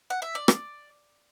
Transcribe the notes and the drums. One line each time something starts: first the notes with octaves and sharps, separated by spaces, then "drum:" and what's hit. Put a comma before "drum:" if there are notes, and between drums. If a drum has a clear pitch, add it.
F#5
E5
D5
drum: rim click